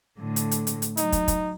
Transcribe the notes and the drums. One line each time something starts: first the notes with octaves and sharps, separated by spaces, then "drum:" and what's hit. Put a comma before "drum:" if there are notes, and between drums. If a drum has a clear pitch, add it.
A2 D3
drum: hi-hat
drum: hi-hat
drum: hi-hat
drum: hi-hat
F#3 D#4, drum: hi-hat
drum: kick, hi-hat
drum: kick, hi-hat